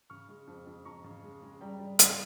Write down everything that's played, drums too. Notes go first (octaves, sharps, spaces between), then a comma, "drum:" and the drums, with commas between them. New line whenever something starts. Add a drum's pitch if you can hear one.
C#3 C#6 F6
G#3
F2
F2
F2 A#5 C#6
C#3
G#3
G#3
G3 G5 A#5
G3
C#3, drum: hi-hat